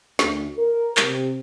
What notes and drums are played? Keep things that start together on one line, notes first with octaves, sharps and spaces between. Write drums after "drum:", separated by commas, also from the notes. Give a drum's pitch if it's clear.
D2, drum: snare
A#4
C3, drum: clap